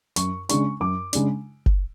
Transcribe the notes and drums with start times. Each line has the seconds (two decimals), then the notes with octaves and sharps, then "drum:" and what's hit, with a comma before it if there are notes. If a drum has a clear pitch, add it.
0.16 F#2 C#6, drum: hi-hat
0.49 C#3 G#3 D4 C#6, drum: hi-hat
0.80 F#2 D6
1.13 C#3 G#3 D4, drum: hi-hat
1.66 drum: kick F#1